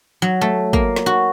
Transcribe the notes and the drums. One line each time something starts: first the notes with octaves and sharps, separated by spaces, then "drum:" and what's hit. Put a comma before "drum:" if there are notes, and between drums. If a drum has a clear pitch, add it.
F#3
A3
A#3, drum: kick
drum: snare
F#4